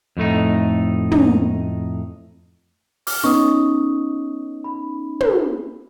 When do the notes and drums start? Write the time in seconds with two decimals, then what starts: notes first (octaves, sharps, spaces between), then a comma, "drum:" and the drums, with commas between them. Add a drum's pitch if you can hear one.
0.17 F2 A2 A3 D#4
1.11 drum: tom
3.07 D6 F6, drum: open hi-hat
3.24 B3 C#4 D#4 C#6 D#6
4.64 B5
5.20 drum: tom